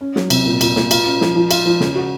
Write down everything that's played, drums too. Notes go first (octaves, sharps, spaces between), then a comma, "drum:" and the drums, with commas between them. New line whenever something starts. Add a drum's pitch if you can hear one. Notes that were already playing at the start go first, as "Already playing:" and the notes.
C#4
F#3, drum: snare
C3, drum: cymbal
A#2
A#2, drum: cymbal
A#2, drum: snare
F4, drum: cymbal
C#4
F3, drum: snare
F3
F4, drum: cymbal
F3
C#3, drum: snare
F#4